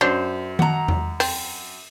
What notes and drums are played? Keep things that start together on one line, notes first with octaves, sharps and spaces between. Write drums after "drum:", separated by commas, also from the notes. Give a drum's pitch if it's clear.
F#2 D4 C5 C#5
F#5 A#5, drum: tom D#3
drum: tom E2
C4, drum: open hi-hat